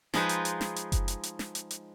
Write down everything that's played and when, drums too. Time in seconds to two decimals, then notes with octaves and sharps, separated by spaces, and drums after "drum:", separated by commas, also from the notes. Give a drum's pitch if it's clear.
0.14 F3 G#3 D#4 B4 C5, drum: snare
0.29 drum: hi-hat
0.45 drum: hi-hat
0.61 drum: snare
0.76 drum: hi-hat
0.92 drum: kick F#1, hi-hat
1.08 drum: hi-hat
1.23 drum: hi-hat
1.39 drum: snare
1.55 drum: hi-hat
1.71 drum: hi-hat